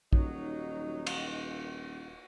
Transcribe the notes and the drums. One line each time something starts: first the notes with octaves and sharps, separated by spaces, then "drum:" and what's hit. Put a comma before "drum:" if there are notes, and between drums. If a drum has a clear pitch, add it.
D#1 F#3 D#4, drum: kick A#1
drum: cymbal